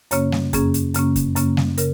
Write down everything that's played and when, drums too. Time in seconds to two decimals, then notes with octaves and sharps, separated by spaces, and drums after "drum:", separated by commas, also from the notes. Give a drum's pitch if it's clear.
0.11 F#2 C#3 A#3 C#4 C#5, drum: hi-hat
0.32 drum: snare G3
0.53 F#2 C#3 A#3 C#4 G#4, drum: kick F2, hi-hat
0.74 drum: hi-hat
0.94 F#2 C#3 A#3 C#4, drum: hi-hat
1.16 drum: kick F2, hi-hat
1.36 F#2 C#3 A#3 C#4, drum: hi-hat
1.57 drum: snare G3
1.78 C#3 A#4, drum: hi-hat